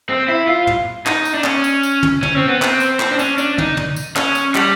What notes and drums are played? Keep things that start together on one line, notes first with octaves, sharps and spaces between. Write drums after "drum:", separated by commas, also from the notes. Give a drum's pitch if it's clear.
C4
E4
F4
drum: tom
D#4, drum: clap
drum: tambourine
D4
C#4, drum: clap
drum: tambourine
drum: tambourine
drum: tom
C#4, drum: tom
C4
B3
C4, drum: clap
drum: tambourine
C4, drum: clap
D4
C#4, drum: tambourine
D4, drum: tambourine
D#4, drum: tom
drum: tom
drum: tambourine
C#4, drum: clap
drum: tambourine
G3, drum: clap